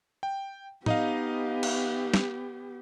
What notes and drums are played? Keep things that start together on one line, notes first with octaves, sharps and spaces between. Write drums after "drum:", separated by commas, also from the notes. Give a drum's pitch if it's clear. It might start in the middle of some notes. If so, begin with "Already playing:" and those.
G5
B3 D#4 G4 D#5 F5, drum: tom
drum: cymbal
drum: snare